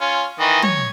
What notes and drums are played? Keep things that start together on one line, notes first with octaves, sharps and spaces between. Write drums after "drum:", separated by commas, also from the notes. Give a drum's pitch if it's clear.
C#4 F4
D#3 E3 D#5
C#5, drum: tom